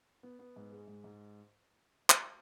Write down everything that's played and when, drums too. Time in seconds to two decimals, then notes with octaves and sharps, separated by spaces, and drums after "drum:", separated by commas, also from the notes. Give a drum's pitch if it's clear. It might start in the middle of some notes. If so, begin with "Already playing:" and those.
0.23 B3
0.39 B3
0.56 G#2
0.72 G#3
0.87 G#2
1.04 G#2
2.10 drum: clap